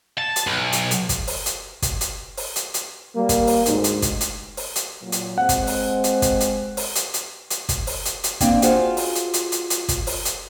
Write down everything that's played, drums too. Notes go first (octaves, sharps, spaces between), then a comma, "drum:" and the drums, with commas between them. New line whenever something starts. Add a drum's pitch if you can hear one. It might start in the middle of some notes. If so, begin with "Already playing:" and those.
A5
drum: hi-hat
B1
drum: hi-hat
drum: hi-hat
drum: kick, hi-hat
drum: open hi-hat
drum: hi-hat
drum: kick, hi-hat
drum: hi-hat
drum: open hi-hat
drum: hi-hat
drum: hi-hat
G3 A#3
drum: kick, hi-hat
drum: open hi-hat
D2 G#2, drum: hi-hat
drum: hi-hat
drum: kick, hi-hat
drum: hi-hat
drum: open hi-hat
drum: hi-hat
A#2 F#3
drum: hi-hat
G#3 C4 F#5
drum: kick, hi-hat
drum: open hi-hat
drum: hi-hat
drum: kick, hi-hat
drum: hi-hat
drum: open hi-hat
drum: hi-hat
drum: hi-hat
drum: hi-hat
drum: kick, hi-hat
drum: open hi-hat
drum: hi-hat
drum: hi-hat
A#3 C4 D4, drum: kick, hi-hat
F4 F#4 G#4 C5 F5 F#5, drum: hi-hat
drum: open hi-hat
drum: hi-hat
drum: hi-hat
drum: hi-hat
drum: hi-hat
drum: kick, hi-hat
drum: open hi-hat
drum: hi-hat